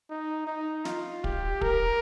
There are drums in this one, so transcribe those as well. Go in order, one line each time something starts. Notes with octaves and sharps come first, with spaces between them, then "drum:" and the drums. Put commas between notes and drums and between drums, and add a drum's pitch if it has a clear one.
D#4
D#4
F4, drum: snare
G4, drum: kick
A#4, drum: kick